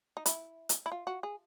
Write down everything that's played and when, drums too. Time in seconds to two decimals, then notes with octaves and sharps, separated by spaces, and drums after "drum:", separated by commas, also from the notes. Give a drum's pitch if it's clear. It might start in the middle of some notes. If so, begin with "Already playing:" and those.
0.17 D#4
0.26 E4, drum: hi-hat
0.69 drum: hi-hat
0.86 E4
0.92 F4
1.07 F#4
1.23 G#4